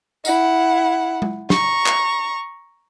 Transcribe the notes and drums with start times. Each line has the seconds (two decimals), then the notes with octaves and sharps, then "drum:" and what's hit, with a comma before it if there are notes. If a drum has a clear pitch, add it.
0.25 E4 F#5, drum: tambourine
1.22 drum: tom G#3
1.50 A#5 C#6, drum: snare
1.86 drum: clap